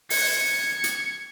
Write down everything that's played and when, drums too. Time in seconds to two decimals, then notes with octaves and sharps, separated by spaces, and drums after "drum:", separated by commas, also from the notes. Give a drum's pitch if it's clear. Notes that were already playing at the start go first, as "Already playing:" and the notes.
0.10 G#6 C#7, drum: open hi-hat
0.84 drum: hi-hat